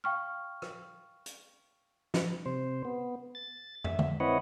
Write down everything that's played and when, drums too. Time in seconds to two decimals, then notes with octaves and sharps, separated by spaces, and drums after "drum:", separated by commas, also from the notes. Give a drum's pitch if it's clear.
0.04 F5 G5 C#6 F6
0.62 drum: rim click
1.26 drum: hi-hat
2.14 drum: snare
2.46 C3 C5
2.85 B3
3.35 A6
3.84 E5, drum: tom
3.99 drum: tom D3
4.20 C4 E4 B4 C#5 D#5 F#5